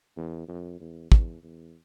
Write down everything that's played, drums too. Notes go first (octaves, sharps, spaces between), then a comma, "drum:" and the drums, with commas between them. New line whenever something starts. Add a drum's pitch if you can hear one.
E2
F2
E2
E2, drum: kick
E2